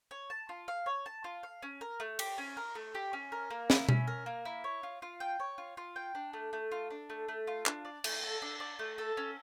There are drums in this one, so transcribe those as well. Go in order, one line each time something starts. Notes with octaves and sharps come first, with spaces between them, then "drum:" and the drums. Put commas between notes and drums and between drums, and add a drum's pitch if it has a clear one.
C#5
A5
F4
F5
C#5
A5
F4
F5
C#4
A#4
A3
G4, drum: cymbal
C#4
A#4
A3
G4
C#4
A#4
A#3
E4, drum: snare
C#4, drum: tom B2
A#4
A#3
E4
C#5
F4
F4
G5
C#5
F4
F4
G5
D4
A3
A3
F4
D4
A3
A3
F4
D4, drum: clap
D5
A3, drum: cymbal
A4
D4
D5
A3
A4
C#4